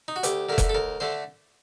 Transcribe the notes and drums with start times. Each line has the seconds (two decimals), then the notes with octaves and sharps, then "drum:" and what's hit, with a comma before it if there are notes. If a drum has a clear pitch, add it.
0.08 D#4
0.16 F#4
0.23 D2 G4, drum: hi-hat
0.49 D3 A3 A#4
0.58 drum: kick F1, hi-hat
0.69 A4
0.74 D2 A#4
1.00 D3 A3 C5